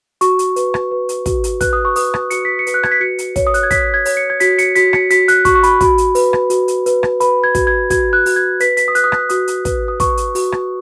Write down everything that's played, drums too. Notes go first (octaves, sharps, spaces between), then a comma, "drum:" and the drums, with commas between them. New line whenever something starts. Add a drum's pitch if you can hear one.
F#4 C#6, drum: hi-hat
drum: hi-hat
B4, drum: hi-hat
drum: rim click
B4
drum: hi-hat
F#4, drum: kick, hi-hat
drum: hi-hat
B4 F#6, drum: kick, hi-hat
D#6
C#6
B4 D#6, drum: open hi-hat
drum: rim click
F#4 C#7, drum: hi-hat
B6
C#7
B4, drum: hi-hat
F#6
G#6, drum: rim click
B6
F#4 C#7
drum: hi-hat
C#5, drum: kick, hi-hat
D#6
F#6, drum: hi-hat
G#6
C#5 B6, drum: kick, hi-hat
G#6
C#5, drum: open hi-hat
C#7
G#6
F#4 B6, drum: hi-hat
C#7, drum: hi-hat
F#4 B6, drum: hi-hat
C#7, drum: rim click
F#4 B6, drum: hi-hat
F#6, drum: hi-hat
F#4 C#6, drum: kick, hi-hat
C#6
B5, drum: hi-hat
F#4 B5, drum: kick, hi-hat
drum: hi-hat
B4, drum: open hi-hat
drum: rim click
F#4, drum: hi-hat
drum: hi-hat
B4, drum: hi-hat
drum: rim click
B4 B5, drum: hi-hat
G#6
F#4, drum: kick, hi-hat
G#6
F#4 G#6, drum: kick, hi-hat
F#6
F#4, drum: open hi-hat
G#6
B4 B6, drum: hi-hat
B6, drum: hi-hat
D#6
B4 F#6, drum: hi-hat
D#6
F#6, drum: rim click
F#4 D#6, drum: hi-hat
drum: hi-hat
B4, drum: kick, hi-hat
D#6
B4 C#6, drum: kick, hi-hat
drum: hi-hat
F#4, drum: open hi-hat
drum: rim click